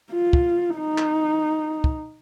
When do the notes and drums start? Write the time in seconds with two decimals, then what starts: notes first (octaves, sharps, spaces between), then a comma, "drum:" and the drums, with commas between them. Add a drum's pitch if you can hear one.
0.12 F4
0.33 drum: kick
0.76 D#4
0.98 drum: clap
1.84 drum: kick